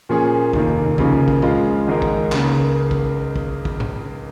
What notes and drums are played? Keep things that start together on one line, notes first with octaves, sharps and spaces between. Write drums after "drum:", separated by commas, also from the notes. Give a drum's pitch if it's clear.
A#2 F3 A#3 C#4 G#4
F1 D#2 D#3 A#3, drum: kick
C#2 C#3 F3 A#3 C#4, drum: kick
drum: kick
C#3 F3 G#3 F4, drum: tom A2
G#1 G#2 G#3 D#4 A#4
drum: kick
C#2 C#3 A#3, drum: clap
drum: kick
drum: kick
drum: kick
drum: tom G#2